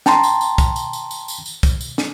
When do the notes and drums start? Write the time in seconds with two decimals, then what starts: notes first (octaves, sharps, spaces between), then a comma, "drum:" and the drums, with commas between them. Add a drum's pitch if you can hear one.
0.06 G5 A5 A#5 C6, drum: snare
0.23 drum: tambourine
0.41 drum: tambourine
0.58 drum: kick, tambourine
0.76 drum: tambourine
0.93 drum: tambourine
1.11 drum: tambourine
1.28 drum: tambourine
1.46 drum: tambourine
1.63 drum: kick, tambourine
1.81 drum: tambourine
1.98 drum: snare